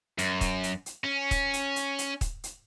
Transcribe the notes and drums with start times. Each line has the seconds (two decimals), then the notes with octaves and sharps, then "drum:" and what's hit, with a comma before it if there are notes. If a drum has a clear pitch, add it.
0.18 F#2, drum: hi-hat
0.41 drum: kick, hi-hat
0.63 drum: hi-hat
0.86 drum: hi-hat
1.04 C#4
1.31 drum: kick, hi-hat
1.54 drum: hi-hat
1.76 drum: hi-hat
1.99 drum: hi-hat
2.21 drum: kick, hi-hat
2.44 drum: hi-hat